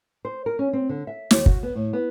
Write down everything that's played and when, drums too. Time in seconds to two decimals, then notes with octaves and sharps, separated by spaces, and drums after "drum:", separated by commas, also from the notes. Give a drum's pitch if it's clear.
0.25 C5
0.46 A#4
0.59 C#4
0.73 C4
0.89 D3
1.07 E5
1.31 D#2, drum: snare
1.46 F#4, drum: kick
1.63 B3
1.75 A2
1.93 B3